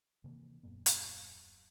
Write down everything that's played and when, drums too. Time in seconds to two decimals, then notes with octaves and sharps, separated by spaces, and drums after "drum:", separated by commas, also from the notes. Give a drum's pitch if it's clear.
0.24 C3 D#3 E3 A#3
0.63 D#1 F#2 A#2 B3
0.86 drum: hi-hat